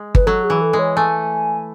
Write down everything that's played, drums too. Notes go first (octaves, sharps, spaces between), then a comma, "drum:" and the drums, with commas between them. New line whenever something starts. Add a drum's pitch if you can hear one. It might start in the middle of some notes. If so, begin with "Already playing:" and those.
Already playing: G#3
B4, drum: kick G1
F#3 A4
G#4
E3
A4
G#3
C#5
A3 G#5